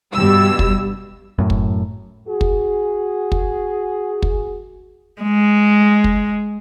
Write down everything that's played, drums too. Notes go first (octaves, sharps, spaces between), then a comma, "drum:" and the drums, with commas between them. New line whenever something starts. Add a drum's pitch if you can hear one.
G2 B2 G3 E6
drum: kick
F#2 A2
drum: kick
F#4 G#4
drum: kick
drum: kick
drum: kick
G#3
drum: kick